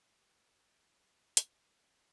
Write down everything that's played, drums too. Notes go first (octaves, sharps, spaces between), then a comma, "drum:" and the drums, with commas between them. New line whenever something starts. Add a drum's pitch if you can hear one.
B2 G4
drum: hi-hat